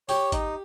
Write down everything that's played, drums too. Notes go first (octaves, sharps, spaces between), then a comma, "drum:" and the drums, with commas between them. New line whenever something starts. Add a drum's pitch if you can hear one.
G4 C#5, drum: open hi-hat
D#4, drum: kick G#1, hi-hat